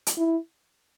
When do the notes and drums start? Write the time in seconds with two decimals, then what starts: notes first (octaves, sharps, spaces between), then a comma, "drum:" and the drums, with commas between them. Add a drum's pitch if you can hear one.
0.07 drum: hi-hat
0.17 E4